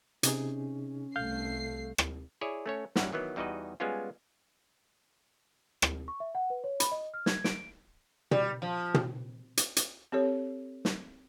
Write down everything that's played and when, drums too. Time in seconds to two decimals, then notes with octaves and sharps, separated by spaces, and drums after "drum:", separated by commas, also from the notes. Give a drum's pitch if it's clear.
0.23 C3 C#4 D#4 G#4, drum: hi-hat
1.16 C2 A3 F5 G6 C7
1.98 drum: rim click
2.41 E4 G#4 C#5 D5
2.66 A3 C#4 C#5
2.96 F#2 G3 E4 C#5 F#5 A#5, drum: snare
3.13 D#3 E3 F#3 B3
3.36 E2 G3 D#4 F#4 B4 D#5
3.80 G3 G#3 B3 C#4 F4
5.82 drum: rim click
6.08 C#6
6.20 E5
6.35 F#5
6.50 B4
6.64 C#5
6.80 B5, drum: hi-hat
6.92 D#5
7.14 F6
7.26 G#6, drum: snare
7.44 D7, drum: snare
8.31 G3, drum: tom
8.62 F3
8.94 drum: tom
9.57 drum: hi-hat
9.76 drum: hi-hat
10.12 C4 G4 A4 C#5
10.85 drum: snare